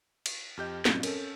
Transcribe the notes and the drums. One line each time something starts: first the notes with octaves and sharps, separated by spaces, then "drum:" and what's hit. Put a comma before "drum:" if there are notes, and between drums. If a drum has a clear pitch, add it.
drum: cymbal
F2 G4 D#5 F6 G6
G2 A#2 F#3 C4 C#4, drum: snare
C#4 A4 A#4, drum: cymbal